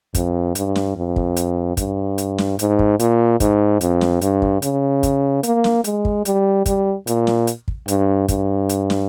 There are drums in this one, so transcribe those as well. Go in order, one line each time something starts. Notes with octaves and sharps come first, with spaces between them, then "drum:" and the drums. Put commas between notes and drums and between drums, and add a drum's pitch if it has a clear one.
F2, drum: kick, hi-hat
G2, drum: hi-hat
drum: snare
F2
drum: kick
drum: hi-hat
G2, drum: kick, hi-hat
drum: hi-hat
drum: snare
G#2, drum: hi-hat
drum: kick
A#2, drum: hi-hat
G#2, drum: kick, hi-hat
F2, drum: hi-hat
drum: snare
G2, drum: hi-hat
drum: kick
C#3, drum: hi-hat
drum: kick, hi-hat
A#3, drum: hi-hat
drum: snare
G#3, drum: hi-hat
drum: kick
G3, drum: hi-hat
G3, drum: kick, hi-hat
A#2, drum: hi-hat
drum: snare
drum: hi-hat
drum: kick
G2, drum: hi-hat
G2, drum: kick, hi-hat
drum: hi-hat
drum: snare